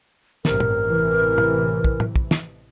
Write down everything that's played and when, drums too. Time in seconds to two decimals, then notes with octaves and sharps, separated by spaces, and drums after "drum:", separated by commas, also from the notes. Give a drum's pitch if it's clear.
0.45 A1 G2 C3 A#4, drum: snare
0.60 drum: tom
0.84 A1 C3 E3
1.38 drum: tom
1.84 drum: kick
2.00 drum: tom
2.16 drum: kick
2.31 drum: snare